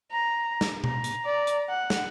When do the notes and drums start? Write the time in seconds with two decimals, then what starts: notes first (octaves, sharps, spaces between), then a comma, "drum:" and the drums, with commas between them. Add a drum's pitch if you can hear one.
0.12 A#5
0.61 drum: snare
0.84 A#5, drum: tom B2
1.04 drum: hi-hat
1.26 D5
1.47 drum: hi-hat
1.69 F#5
1.90 drum: snare